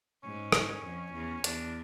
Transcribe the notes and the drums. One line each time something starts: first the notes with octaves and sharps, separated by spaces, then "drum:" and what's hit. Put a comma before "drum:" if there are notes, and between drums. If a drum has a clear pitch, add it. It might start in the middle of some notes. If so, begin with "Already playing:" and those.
G#2 C#4
drum: rim click
F2
E2
E2 D4, drum: hi-hat